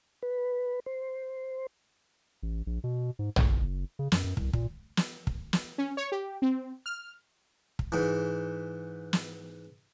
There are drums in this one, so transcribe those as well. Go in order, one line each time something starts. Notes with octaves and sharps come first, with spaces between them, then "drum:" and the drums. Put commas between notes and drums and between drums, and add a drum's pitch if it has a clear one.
B4
C5
A1
A#1
B2
G#2
G1, drum: tom A#1
F#1
C#3
F#2, drum: snare
F#2
C2, drum: kick
A#2, drum: kick
drum: snare
drum: kick
drum: snare
C#4
C#5
G4
C4
F6
drum: kick
G#2 E3
drum: snare